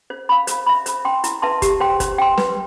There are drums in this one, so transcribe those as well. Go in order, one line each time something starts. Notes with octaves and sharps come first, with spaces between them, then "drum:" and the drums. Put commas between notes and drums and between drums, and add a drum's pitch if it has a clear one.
C5
F5 B5
C5, drum: hi-hat
E5 B5
C5, drum: hi-hat
G5 C6
E4, drum: hi-hat
B4 E5 A5 C6
G4, drum: kick, hi-hat
C5 G5 C6
C5, drum: kick, hi-hat
G5 C6
B4, drum: snare